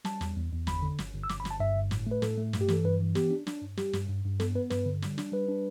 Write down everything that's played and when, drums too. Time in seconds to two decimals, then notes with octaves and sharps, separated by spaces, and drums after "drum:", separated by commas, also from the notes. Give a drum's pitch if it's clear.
0.05 G3 A5, drum: snare
0.21 E2, drum: snare
0.36 E2
0.52 E2
0.67 G1 B5, drum: snare
0.82 D3
0.98 G1, drum: snare
1.14 G1
1.23 E6
1.29 G1 D6, drum: snare
1.40 B5
1.45 G1, drum: snare
1.50 A5
1.60 G2 E5
1.75 G1
1.91 A2, drum: snare
2.07 A3 B4
2.22 A2 A4, drum: snare
2.38 A3
2.53 G2, drum: snare
2.61 G4
2.68 E3 A4, drum: snare
2.84 G2 B4
3.01 E3
3.15 B3 G4, drum: snare
3.31 D4
3.47 D4, drum: snare
3.62 G2
3.77 G3 G4, drum: snare
3.93 G2, drum: snare
4.09 G2
4.25 G2
4.40 B3 A4, drum: snare
4.55 B3 B4
4.70 G2 B4, drum: snare
4.86 D3
5.02 G3, drum: snare
5.18 D4, drum: snare
5.32 G3 B4
5.48 D4